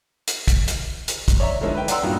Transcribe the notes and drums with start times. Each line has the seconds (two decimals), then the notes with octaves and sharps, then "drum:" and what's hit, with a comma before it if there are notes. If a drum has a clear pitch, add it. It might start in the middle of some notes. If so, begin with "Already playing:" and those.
0.27 drum: hi-hat
0.48 drum: kick, hi-hat
0.68 drum: hi-hat
1.08 drum: hi-hat
1.28 drum: kick, hi-hat
1.40 C#5 D5 E5 A#5
1.61 D3 D#3 F3 G#3 C#4 E4
1.75 B4 E5 G5
1.88 D5 F#5 G5 A#5 C6 E6, drum: hi-hat
2.03 G2 A#2 B3 D#4 F4 F#4